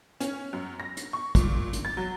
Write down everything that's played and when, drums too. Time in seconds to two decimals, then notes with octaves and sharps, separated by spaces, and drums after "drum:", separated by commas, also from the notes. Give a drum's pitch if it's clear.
0.20 C#4, drum: hi-hat
0.53 F#2
0.80 A#6
0.97 drum: hi-hat
1.13 C#6
1.35 A#2, drum: kick, hi-hat
1.73 drum: hi-hat
1.85 A6
1.97 F#3